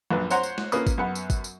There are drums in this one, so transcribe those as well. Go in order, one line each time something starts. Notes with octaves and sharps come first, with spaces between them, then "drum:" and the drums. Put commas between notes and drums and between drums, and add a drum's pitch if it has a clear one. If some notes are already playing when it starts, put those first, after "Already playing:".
A#1 F#2 B4
C5 C#5 F#5 A#5 C6, drum: tambourine
drum: tambourine
drum: snare
A#3 C#4 F4 B4 D#6, drum: tambourine
drum: kick G#1, tambourine
F#2 B3 F#5 B5
drum: tambourine
drum: kick G#1, tambourine
drum: tambourine